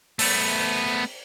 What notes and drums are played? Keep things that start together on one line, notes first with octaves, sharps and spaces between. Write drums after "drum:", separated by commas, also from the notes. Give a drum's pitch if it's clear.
A3 B3, drum: open hi-hat